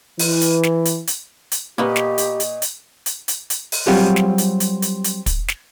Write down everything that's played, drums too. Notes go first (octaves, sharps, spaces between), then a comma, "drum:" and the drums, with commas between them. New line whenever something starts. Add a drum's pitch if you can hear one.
E3, drum: open hi-hat
drum: hi-hat
drum: snare
drum: hi-hat
drum: hi-hat
drum: hi-hat
A#2 A#3 B3 G4 D#5 C#6
drum: snare
drum: hi-hat
drum: hi-hat
drum: hi-hat
drum: hi-hat
drum: hi-hat
drum: hi-hat
drum: open hi-hat
F#3 G3 C4 F4 G4 G#4
drum: snare
drum: hi-hat
drum: hi-hat
drum: hi-hat
drum: hi-hat
drum: kick, hi-hat
drum: snare